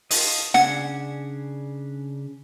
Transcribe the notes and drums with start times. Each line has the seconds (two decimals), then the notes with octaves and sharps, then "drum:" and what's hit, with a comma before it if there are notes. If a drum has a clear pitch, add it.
0.11 D#5 F5 A5, drum: open hi-hat
0.54 C#3 D4 F#5 G#5, drum: snare